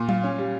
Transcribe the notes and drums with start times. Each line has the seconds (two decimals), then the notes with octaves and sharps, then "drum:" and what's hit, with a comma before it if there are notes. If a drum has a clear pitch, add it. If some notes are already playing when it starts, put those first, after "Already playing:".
Already playing: A#2
0.09 F4, drum: tom F#3
0.24 C#4
0.38 G3